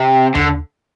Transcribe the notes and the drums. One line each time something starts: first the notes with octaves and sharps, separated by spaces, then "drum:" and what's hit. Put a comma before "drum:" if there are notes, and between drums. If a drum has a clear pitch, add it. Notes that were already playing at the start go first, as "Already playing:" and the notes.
Already playing: C3
D3, drum: tom D#2